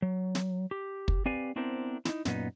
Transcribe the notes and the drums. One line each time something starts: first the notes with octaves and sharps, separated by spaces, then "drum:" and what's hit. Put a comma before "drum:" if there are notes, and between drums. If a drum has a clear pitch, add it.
F#3
drum: snare
G4
drum: kick
C4 G4 B4 D5 F5 G#5
B3 C4 D4 E4 A#4 C5
D#4 E4, drum: snare
F#2 A#2 B3 D#4, drum: snare